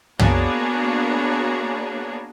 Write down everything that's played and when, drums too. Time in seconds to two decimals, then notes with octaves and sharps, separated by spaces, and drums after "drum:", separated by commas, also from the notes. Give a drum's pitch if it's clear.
0.19 A#3 B3 D4 F#4 G#4 C#5, drum: tom